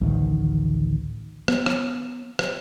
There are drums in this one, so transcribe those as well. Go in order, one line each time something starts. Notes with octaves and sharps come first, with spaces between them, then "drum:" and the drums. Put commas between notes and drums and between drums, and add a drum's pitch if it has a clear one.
A1 D2 D#3
B3, drum: rim click
drum: rim click
drum: rim click